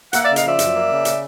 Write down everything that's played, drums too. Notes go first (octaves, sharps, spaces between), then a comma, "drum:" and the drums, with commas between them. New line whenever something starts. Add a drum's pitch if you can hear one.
A#3 E5 F#5, drum: hi-hat
D5 E5
C#3
D#5 F5, drum: hi-hat
F3 D5 E5
F#2, drum: hi-hat
A#3
C#3
drum: hi-hat